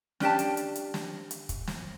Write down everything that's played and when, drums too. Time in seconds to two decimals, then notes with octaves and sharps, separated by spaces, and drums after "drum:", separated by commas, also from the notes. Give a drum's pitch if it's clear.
0.20 C#4 D4 G4 A5, drum: snare
0.39 drum: hi-hat
0.57 drum: hi-hat
0.75 drum: hi-hat
0.94 drum: snare
1.31 drum: hi-hat
1.49 drum: kick, hi-hat
1.67 drum: snare